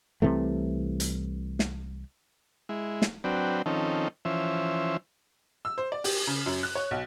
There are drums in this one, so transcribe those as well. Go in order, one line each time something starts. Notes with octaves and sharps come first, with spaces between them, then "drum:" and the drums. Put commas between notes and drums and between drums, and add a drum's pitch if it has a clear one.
C2 C3 E3 A3
drum: hi-hat
drum: snare
G#3 E4
drum: snare
F#3 C4 D4 B4 G5
D#3 F3 C4 C#4 D#4 A4
E3 F3 C#4 C5 E5
E6
C5
D5
G4, drum: open hi-hat
C#3
F#2
F#6
C#5
B1